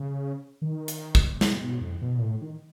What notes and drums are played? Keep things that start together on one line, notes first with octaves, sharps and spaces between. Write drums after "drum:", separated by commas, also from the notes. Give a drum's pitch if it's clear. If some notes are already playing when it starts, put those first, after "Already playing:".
Already playing: C#3
D#3
drum: hi-hat
drum: kick
B2, drum: snare
B2
F2
B2
A#2
A2
D#3